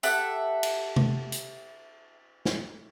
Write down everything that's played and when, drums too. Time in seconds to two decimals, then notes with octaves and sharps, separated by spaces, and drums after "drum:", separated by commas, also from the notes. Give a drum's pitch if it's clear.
0.03 G4 A4 E5 F#5, drum: tambourine
0.63 drum: cymbal
0.96 drum: tom C3
1.32 drum: hi-hat
2.45 drum: snare